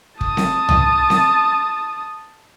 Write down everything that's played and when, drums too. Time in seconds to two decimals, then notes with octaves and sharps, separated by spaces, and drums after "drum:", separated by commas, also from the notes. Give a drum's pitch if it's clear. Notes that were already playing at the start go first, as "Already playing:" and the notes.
0.21 A5 D#6, drum: kick
0.37 drum: snare C4
0.69 drum: tom
1.10 drum: snare C4